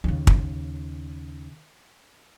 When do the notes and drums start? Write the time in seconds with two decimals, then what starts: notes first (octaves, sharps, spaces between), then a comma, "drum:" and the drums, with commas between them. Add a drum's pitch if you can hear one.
0.04 D#2 C#3
0.27 drum: kick